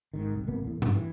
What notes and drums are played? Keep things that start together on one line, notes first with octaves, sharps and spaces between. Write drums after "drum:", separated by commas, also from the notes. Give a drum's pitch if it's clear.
G#2 B2 D#3
C2
G#1 C3 A#3 B3
E2 A2
G2 D#3, drum: tom G2
E3